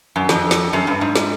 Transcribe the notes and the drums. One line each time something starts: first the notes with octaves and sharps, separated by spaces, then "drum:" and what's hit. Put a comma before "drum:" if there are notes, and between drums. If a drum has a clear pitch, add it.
F#2
F2, drum: snare
drum: snare
F#2
G2
G#2
drum: snare